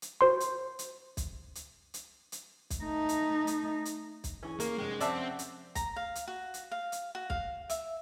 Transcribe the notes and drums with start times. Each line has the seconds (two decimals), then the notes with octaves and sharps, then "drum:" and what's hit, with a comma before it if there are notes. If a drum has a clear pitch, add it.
0.02 drum: hi-hat
0.21 F#4 C5 C6
0.40 drum: hi-hat
0.79 drum: hi-hat
1.17 drum: kick B1, hi-hat
1.55 drum: hi-hat
1.94 drum: hi-hat
2.32 drum: hi-hat
2.70 drum: kick B1, hi-hat
2.82 A3 D#4
3.09 drum: hi-hat
3.47 drum: hi-hat
3.85 drum: hi-hat
4.24 drum: kick B1, hi-hat
4.43 E3 C#4 G#4 G#5
4.60 A#3 A#4, drum: hi-hat
4.78 F1 G#3 G5
5.00 C4 D5 E5 F#5 G5 A5, drum: hi-hat
5.39 drum: hi-hat
5.75 A#5, drum: kick B1, hi-hat
5.96 F5
6.15 drum: hi-hat
6.28 F#4
6.54 drum: hi-hat
6.71 F5
6.92 drum: hi-hat
7.15 F#4
7.30 F5, drum: kick B1
7.70 E5, drum: hi-hat